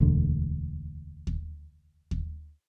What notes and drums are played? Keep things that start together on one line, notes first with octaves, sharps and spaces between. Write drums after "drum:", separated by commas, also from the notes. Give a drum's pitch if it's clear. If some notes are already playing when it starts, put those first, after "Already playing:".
E1 D2 D3
drum: kick D#2
drum: kick D#2